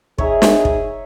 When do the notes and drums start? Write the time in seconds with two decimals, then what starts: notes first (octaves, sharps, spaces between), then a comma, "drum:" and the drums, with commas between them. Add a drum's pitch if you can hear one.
0.18 D#4 G#4 C#5 E5 A#5, drum: kick
0.42 drum: snare
0.65 drum: kick